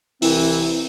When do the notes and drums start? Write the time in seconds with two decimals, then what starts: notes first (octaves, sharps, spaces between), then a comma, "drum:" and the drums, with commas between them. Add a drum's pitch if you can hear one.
0.22 C2 E3 C4 E4, drum: open hi-hat